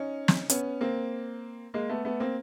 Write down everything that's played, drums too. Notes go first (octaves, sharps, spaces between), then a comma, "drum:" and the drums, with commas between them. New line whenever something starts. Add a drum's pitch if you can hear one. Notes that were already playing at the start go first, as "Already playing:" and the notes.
Already playing: C#4 D#4
drum: snare
B3 C#4, drum: hi-hat
A#3 C4
G#3 A#3
A3 B3
A3 B3
A#3 C4